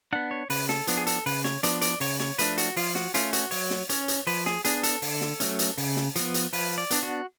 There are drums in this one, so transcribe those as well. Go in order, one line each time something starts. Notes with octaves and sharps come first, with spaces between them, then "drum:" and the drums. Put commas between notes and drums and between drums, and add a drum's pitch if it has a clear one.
B3 D4 F#5
C#5
C#3 B4, drum: open hi-hat
A4, drum: snare
F3 B3 D4, drum: hi-hat
G#4
A4, drum: hi-hat
C#3 B4, drum: open hi-hat
C#5, drum: snare
F3 B3 D4 D5, drum: hi-hat
D5, drum: hi-hat
C#3 C#5, drum: open hi-hat
C#5, drum: snare
F3 A3 D4 B4, drum: hi-hat
F#4, drum: hi-hat
F3 F4, drum: open hi-hat
F#4, drum: snare
A3 C#4 F4, drum: hi-hat
F#4, drum: hi-hat
F#3 C#5, drum: open hi-hat
drum: snare
C#4 C#5, drum: hi-hat
drum: hi-hat
F3 B4, drum: open hi-hat
G#4, drum: snare
B3 D4 G#4, drum: hi-hat
A4, drum: hi-hat
D3, drum: open hi-hat
drum: snare
F#3 A3 C#4, drum: hi-hat
drum: hi-hat
C#3, drum: open hi-hat
drum: snare
F3 B3, drum: hi-hat
drum: hi-hat
F3 B4, drum: open hi-hat
D5
B3 D4, drum: hi-hat
F#4